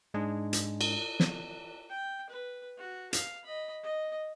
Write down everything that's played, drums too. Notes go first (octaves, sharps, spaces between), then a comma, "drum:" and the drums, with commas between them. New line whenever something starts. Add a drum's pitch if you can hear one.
G#2 G#3 D4 G#4
drum: hi-hat
drum: cymbal
drum: snare
G5
B4
F#4
F5, drum: hi-hat
D#5 B5
D#5